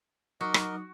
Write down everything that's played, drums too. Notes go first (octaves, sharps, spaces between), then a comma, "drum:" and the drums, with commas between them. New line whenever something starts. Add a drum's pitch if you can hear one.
F#3 D#4 F#4 A#4 D#5 D6
drum: rim click